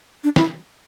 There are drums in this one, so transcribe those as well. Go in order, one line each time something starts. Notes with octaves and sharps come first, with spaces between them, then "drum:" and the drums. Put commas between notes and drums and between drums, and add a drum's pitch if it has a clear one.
D4
E4, drum: snare